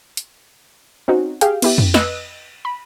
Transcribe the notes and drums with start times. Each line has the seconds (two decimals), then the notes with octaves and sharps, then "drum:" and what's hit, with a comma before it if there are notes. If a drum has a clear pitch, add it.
0.17 drum: hi-hat
1.08 C4 C#4 D#4 F#4
1.41 G4 G#4 F5 G5, drum: hi-hat
1.62 B3 E4 G4, drum: cymbal
1.78 drum: tom F2
1.94 B4 D#5 E6 F#6, drum: snare
2.65 B5